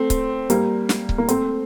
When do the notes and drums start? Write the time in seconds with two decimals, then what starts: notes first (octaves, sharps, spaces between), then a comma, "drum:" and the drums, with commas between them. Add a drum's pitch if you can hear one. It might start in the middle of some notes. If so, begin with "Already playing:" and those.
Already playing: A3 C4
0.10 drum: kick C#1, hi-hat
0.50 G3 A#3, drum: hi-hat
0.89 drum: snare
1.09 drum: kick C#1
1.18 A#3
1.28 A3 C4, drum: hi-hat